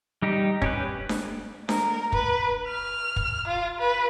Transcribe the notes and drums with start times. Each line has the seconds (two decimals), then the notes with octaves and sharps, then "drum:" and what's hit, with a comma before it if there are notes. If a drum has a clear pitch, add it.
0.22 G3 D#4 G4
0.62 C#4 G4 B4, drum: kick
1.09 drum: snare D4
1.69 A#4, drum: snare D4
2.12 B4, drum: kick
2.67 F6
3.16 drum: kick
3.48 F4
3.79 B4